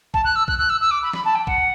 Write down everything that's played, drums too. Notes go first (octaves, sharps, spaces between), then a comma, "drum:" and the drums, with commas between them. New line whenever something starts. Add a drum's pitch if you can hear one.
A5, drum: kick
F#6
E6
F#6, drum: kick
F#6
E6
E6
D6
B5
B5, drum: snare
A5
G5
F#5, drum: kick